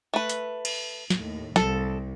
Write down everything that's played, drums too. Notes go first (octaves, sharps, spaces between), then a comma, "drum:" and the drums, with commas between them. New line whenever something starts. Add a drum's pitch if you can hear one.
A3 B4
drum: hi-hat
drum: cymbal
D#2 A2, drum: snare
C2 A4, drum: snare